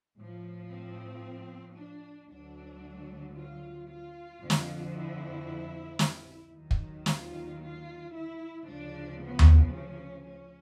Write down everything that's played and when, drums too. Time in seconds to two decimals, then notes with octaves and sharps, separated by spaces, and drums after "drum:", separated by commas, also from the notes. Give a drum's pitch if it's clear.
0.16 A2 F3
0.69 C4
1.75 D4
2.28 D2 D3 F#3 D4
3.35 F4
3.87 F4
4.41 F2 D3 F3
4.50 drum: snare
4.94 E4
5.99 drum: snare
6.53 D#2 D#3 F#3
6.71 drum: kick
7.06 F4, drum: snare
7.60 F4
8.12 E4
8.65 D2 C#3 F3 D4
9.19 B3
9.39 drum: tom D#2
9.71 C#4
10.24 C#4